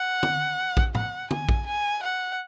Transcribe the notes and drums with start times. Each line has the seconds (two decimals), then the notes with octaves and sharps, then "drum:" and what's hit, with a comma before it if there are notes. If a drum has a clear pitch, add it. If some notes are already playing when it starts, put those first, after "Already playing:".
Already playing: F#5
0.23 drum: tom
0.77 drum: kick A#1
0.95 F#5, drum: tom A2
1.31 G#5, drum: tom
1.49 drum: kick A#1
1.67 G#5
2.03 F#5